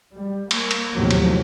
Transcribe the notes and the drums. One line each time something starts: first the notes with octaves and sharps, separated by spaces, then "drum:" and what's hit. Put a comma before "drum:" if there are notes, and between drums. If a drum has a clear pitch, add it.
G3
A#3, drum: cymbal
drum: cymbal
D#2 A2 C3 F3 F#3
drum: cymbal